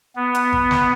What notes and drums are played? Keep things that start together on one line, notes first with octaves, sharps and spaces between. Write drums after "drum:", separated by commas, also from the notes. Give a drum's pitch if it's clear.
B3
drum: hi-hat
drum: kick G#1
drum: snare